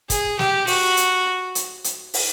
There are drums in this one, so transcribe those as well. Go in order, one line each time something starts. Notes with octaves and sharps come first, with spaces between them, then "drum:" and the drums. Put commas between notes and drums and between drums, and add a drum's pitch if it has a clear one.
G#4, drum: kick, hi-hat
G4, drum: snare
F#4, drum: open hi-hat
drum: hi-hat
drum: hi-hat
drum: hi-hat
drum: open hi-hat